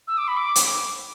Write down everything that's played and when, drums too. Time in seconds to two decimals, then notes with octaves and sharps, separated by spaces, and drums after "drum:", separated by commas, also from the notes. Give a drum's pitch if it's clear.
0.08 E6
0.18 D6
0.28 B5
0.37 D6
0.56 drum: hi-hat